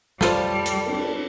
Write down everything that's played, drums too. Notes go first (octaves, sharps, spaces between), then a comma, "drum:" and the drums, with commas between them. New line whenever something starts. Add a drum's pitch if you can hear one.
G3 A3 F4 A4 C5 D5 A5, drum: snare
drum: hi-hat
drum: cymbal